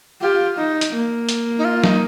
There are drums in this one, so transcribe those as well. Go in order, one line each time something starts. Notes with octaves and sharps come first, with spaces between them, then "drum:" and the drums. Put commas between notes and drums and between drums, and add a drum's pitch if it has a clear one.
F4 G4
D#4
drum: hi-hat
A#3
drum: hi-hat
D#4
F4
D#4, drum: snare F#3